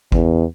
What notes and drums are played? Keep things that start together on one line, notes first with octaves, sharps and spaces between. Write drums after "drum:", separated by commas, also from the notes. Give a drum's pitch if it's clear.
E2, drum: kick G#1